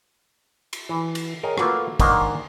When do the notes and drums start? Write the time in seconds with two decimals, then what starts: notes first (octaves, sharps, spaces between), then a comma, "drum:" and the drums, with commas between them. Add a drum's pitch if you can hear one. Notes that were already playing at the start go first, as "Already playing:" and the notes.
0.73 drum: cymbal
0.89 E3
1.15 drum: cymbal
1.43 G#4 A#4 C#5 D#5 G5 G#5
1.58 A3 A#3 F4 F#4 B4, drum: rim click
2.00 G#2 D#3 A#3 D4 D#5, drum: kick, cymbal